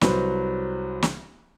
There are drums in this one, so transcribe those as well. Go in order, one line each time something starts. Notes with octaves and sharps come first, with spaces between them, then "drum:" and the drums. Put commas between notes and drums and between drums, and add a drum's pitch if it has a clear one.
C2 F#3 B4 C5, drum: snare
drum: snare